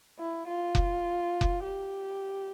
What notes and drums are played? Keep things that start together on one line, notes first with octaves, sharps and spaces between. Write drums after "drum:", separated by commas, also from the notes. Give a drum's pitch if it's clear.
E4
F4
drum: kick F1
drum: kick F1
G4